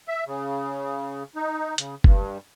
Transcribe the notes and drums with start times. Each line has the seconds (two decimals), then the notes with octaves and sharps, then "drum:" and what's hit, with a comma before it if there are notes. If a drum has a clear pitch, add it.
0.08 E5
0.27 C#3
1.35 D#4
1.78 C#3, drum: hi-hat
2.04 G2, drum: kick F#1